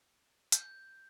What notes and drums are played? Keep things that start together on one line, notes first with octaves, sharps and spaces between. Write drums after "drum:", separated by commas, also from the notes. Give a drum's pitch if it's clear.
G6, drum: hi-hat